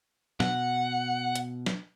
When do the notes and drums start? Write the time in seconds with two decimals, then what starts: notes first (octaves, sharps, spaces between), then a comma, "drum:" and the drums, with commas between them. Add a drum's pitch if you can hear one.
0.40 B2 F#5, drum: snare
1.35 drum: hi-hat
1.66 drum: snare